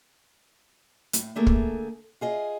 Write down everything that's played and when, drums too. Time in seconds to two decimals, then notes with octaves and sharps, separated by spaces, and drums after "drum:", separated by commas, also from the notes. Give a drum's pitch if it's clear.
1.13 A2, drum: hi-hat
1.35 D3 A3 A#3 G#4 A4
1.47 drum: kick
2.21 F4 G#4 D#5